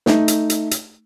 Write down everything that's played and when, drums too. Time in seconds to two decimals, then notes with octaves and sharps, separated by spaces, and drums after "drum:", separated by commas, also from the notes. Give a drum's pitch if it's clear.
0.06 A3 D#4, drum: snare
0.28 drum: hi-hat
0.50 drum: hi-hat
0.71 drum: hi-hat